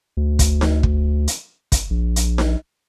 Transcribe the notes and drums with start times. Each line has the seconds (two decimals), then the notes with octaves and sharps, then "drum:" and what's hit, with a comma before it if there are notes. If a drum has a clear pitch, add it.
0.17 D2
0.39 drum: kick, hi-hat
0.61 drum: snare D#4
0.83 drum: kick
1.28 drum: hi-hat
1.72 drum: kick, hi-hat
1.90 A#1
2.16 drum: hi-hat
2.38 drum: snare D#4